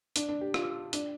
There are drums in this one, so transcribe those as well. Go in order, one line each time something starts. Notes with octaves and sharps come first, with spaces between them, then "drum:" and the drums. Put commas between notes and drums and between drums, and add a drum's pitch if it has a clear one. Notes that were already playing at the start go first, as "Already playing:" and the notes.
D4, drum: hi-hat
D4
G4
F4, drum: rim click
D4, drum: hi-hat